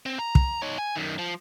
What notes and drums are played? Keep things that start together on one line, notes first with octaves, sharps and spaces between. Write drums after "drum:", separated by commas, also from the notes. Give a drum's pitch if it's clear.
C4
A#5
drum: kick
D#4 C#5
G#5
F#2 D#3
F3